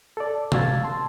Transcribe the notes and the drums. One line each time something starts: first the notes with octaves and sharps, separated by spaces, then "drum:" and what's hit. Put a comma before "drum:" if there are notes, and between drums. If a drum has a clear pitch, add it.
A4 D5
F5 E6 G#6 A6, drum: tom
A5 C6